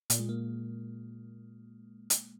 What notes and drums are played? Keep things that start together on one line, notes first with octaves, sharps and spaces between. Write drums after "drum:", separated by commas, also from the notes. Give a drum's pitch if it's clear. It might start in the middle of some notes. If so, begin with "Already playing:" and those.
A#2 A#3, drum: hi-hat
G#3
A#3
drum: hi-hat